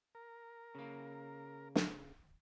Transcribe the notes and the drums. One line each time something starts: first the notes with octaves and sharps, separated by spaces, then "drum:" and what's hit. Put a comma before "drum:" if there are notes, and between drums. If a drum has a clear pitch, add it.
A#4
C#3 A#3
drum: snare